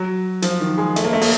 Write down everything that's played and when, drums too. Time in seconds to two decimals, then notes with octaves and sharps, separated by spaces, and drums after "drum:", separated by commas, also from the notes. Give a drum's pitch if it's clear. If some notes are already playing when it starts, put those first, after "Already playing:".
Already playing: F#3
0.42 F3, drum: hi-hat
0.61 D#3
0.78 G#3
0.96 A3, drum: hi-hat
1.05 A#3
1.13 A3
1.21 A#3, drum: open hi-hat